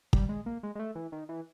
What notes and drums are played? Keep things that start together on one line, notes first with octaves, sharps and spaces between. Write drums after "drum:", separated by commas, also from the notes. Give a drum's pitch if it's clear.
G3, drum: kick
G#3
A#3
G#3
G#3
A3
E3
D#3
E3